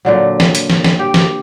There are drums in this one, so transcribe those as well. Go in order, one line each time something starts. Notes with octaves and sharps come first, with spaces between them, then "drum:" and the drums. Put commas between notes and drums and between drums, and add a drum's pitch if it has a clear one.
A#2 D3 F#3
drum: snare
drum: hi-hat
drum: snare
drum: snare
G4
drum: snare